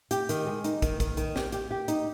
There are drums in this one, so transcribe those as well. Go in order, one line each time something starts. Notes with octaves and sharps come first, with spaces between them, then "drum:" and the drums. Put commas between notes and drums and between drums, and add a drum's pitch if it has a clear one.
G4, drum: hi-hat
D#3, drum: hi-hat
G#3
D#4, drum: hi-hat
D#3, drum: kick, hi-hat
D#3, drum: kick, hi-hat
D#3, drum: hi-hat
G4, drum: snare
G4, drum: hi-hat
G4
D#4, drum: hi-hat